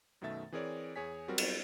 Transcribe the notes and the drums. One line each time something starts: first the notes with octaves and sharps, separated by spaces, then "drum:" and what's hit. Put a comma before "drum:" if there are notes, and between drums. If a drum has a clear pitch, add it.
F#2 B2 D#3 A3 E5 A6
E3 C4 G#4 A#4 C#5 D5
E2 G#4 C#5 G#5 B6
F#3 G3 C4 F4 F#4 A#4
drum: cymbal